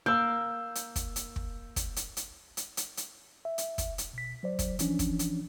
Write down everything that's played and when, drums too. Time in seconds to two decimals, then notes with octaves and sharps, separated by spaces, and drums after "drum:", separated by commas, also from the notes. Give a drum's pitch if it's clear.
0.06 A#3 E6 G6
0.75 drum: hi-hat
0.96 drum: kick, hi-hat
1.16 drum: hi-hat
1.36 drum: kick
1.76 drum: kick, hi-hat
1.96 drum: hi-hat
2.17 drum: hi-hat
2.57 drum: hi-hat
2.77 drum: hi-hat
2.97 drum: hi-hat
3.45 E5
3.58 drum: hi-hat
3.78 drum: kick, hi-hat
3.98 drum: hi-hat
4.13 B2 B6
4.43 F#3 C5 D5
4.59 drum: kick, hi-hat
4.79 E3 F3 C#4 D4, drum: hi-hat
4.99 drum: kick, hi-hat
5.19 drum: hi-hat